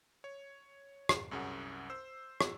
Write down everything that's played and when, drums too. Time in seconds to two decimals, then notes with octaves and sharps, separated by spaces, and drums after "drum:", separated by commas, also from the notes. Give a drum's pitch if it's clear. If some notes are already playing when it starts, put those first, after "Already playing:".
0.24 C#5
1.09 drum: rim click
1.31 C2 F#2 C#4 G#4 A#4 F#5
1.90 C5 E6
2.41 drum: rim click